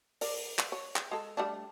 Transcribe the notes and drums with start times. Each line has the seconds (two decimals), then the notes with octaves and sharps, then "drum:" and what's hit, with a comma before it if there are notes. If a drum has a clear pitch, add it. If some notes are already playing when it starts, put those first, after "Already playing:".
0.21 A#4 D5, drum: open hi-hat
0.59 drum: clap
0.72 C#5
0.96 drum: clap
1.11 G#3 A4
1.37 G3 A3 D4